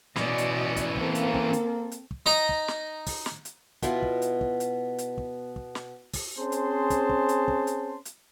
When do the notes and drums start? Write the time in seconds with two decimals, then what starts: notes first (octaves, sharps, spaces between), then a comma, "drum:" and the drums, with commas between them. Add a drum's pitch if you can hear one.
0.16 B2 E3 C#4 D5 D#5, drum: snare
0.38 drum: hi-hat
0.76 drum: kick, hi-hat
0.96 A#3 C4 A4, drum: kick
1.15 drum: hi-hat
1.34 drum: kick
1.53 drum: hi-hat
1.92 drum: hi-hat
2.11 drum: kick
2.26 D#4 D#5 A#5
2.49 drum: kick
2.68 drum: snare
3.07 drum: kick, open hi-hat
3.26 drum: snare
3.45 drum: hi-hat
3.82 B2 B3 E4 F4, drum: kick, hi-hat
4.03 drum: kick
4.22 drum: hi-hat
4.41 drum: kick
4.60 drum: hi-hat
4.98 drum: hi-hat
5.18 drum: kick
5.56 drum: kick
5.75 drum: snare
6.14 drum: kick, open hi-hat
6.38 C4 C#4 G#4 C5 A5 C6
6.52 drum: hi-hat
6.90 drum: kick, hi-hat
7.09 drum: kick
7.29 drum: hi-hat
7.48 drum: kick
7.67 drum: hi-hat
8.05 drum: hi-hat